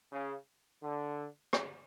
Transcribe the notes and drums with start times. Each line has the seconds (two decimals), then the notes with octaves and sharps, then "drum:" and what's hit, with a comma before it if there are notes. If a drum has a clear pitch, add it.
0.12 C#3
0.83 D3
1.53 drum: rim click